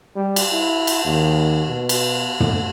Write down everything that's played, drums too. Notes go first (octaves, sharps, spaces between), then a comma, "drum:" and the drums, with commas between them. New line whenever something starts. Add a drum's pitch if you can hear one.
G3
drum: cymbal
E4
drum: cymbal
D#2
B2
drum: cymbal
D2, drum: tom